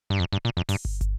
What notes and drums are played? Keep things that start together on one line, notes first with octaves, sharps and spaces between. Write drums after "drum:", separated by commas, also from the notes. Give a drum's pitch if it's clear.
G2
F2
G2
A#2
F2
G2, drum: open hi-hat
drum: kick
drum: kick, hi-hat